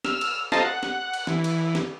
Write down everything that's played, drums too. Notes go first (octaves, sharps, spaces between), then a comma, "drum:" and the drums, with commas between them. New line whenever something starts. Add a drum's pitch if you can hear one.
E6 F6, drum: snare
drum: cymbal
F4 A4 C5 D#5 A5 A#5, drum: snare
F#5
drum: snare
drum: cymbal
E3, drum: snare
drum: cymbal
drum: snare